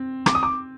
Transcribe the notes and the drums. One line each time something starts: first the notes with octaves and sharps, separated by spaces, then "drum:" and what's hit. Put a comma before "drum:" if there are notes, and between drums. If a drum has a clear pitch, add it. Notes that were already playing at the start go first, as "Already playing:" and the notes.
Already playing: C4
D6, drum: rim click
D#6
D6